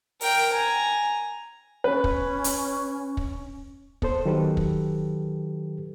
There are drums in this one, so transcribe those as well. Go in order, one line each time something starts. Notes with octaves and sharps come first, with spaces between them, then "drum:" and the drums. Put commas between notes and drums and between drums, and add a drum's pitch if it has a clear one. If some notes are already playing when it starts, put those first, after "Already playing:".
A#4 G5, drum: open hi-hat
G#5 A#5
C#4 B4
drum: kick
drum: hi-hat
drum: kick
B3 A4 C5, drum: kick
D#3 F#3 G4 A4 B4
drum: kick